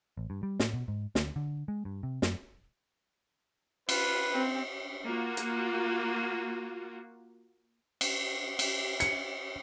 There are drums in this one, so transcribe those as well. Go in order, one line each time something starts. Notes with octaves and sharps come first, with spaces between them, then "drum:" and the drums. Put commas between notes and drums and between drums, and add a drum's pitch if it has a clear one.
A1
G2
G3
A2, drum: snare
B2
G#2
D2, drum: snare
D3
G#3
G2
C3
F#2, drum: snare
F4 B4, drum: cymbal
C4
A#3 F4 F#4
drum: hi-hat
drum: cymbal
drum: cymbal
C#7, drum: hi-hat